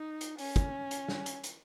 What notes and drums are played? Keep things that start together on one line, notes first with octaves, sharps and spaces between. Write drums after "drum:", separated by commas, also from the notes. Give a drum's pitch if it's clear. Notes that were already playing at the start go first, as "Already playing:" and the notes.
Already playing: D#4
drum: hi-hat
C#4, drum: open hi-hat
drum: kick, hi-hat
drum: hi-hat
drum: snare
drum: hi-hat
drum: hi-hat